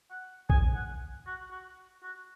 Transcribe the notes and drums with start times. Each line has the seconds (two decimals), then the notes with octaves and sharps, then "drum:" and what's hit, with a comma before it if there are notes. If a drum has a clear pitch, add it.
0.11 F#5
0.50 G#5, drum: kick A#1
0.74 F#5
1.26 F#4
1.51 F#4
2.03 F#4